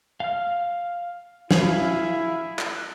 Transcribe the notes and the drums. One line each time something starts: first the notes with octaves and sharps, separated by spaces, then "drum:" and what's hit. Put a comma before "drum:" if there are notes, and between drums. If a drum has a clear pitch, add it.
F5 F6
E4 G#4 F5, drum: snare
drum: clap